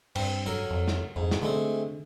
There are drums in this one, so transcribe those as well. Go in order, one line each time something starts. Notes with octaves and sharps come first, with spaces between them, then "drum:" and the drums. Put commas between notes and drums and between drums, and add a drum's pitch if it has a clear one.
G2 C4, drum: cymbal
F#3 A4 A#4
F2
drum: snare
F2 G#2
drum: snare
D3 G#3 A3 C4